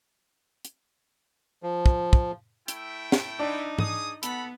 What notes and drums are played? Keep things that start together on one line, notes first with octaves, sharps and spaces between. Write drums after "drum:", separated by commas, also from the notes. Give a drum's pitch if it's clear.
drum: hi-hat
F3
drum: kick
drum: kick
A3 E4 G5, drum: hi-hat
drum: snare
D4 D#4
G#4 D#6, drum: tom G#2
B3 A4 F#5 B5, drum: hi-hat